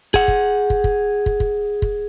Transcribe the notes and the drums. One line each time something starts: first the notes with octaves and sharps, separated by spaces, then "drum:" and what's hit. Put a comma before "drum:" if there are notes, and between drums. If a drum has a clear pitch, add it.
G#4 F#5, drum: kick
drum: kick
drum: kick
drum: kick
drum: kick
drum: kick
drum: kick